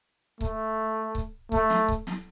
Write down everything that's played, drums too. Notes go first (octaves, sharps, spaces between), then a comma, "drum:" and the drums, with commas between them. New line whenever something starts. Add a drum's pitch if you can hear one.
A3, drum: kick C#1
drum: kick C#1
A3, drum: kick C#1
drum: snare
drum: kick C#1
drum: snare